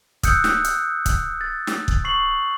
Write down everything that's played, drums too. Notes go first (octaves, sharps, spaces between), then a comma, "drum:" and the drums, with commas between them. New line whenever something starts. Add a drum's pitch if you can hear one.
D#6 E6 F#6 G6 C#7, drum: kick, hi-hat
drum: snare
drum: hi-hat
drum: kick, hi-hat
A6
drum: snare
drum: kick
C#6 C7 F#7